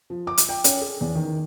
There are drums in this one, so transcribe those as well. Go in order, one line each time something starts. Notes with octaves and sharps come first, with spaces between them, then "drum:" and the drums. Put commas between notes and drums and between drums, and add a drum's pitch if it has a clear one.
F3
D6
drum: hi-hat
G5
C#4, drum: hi-hat
G#4
E2
D#3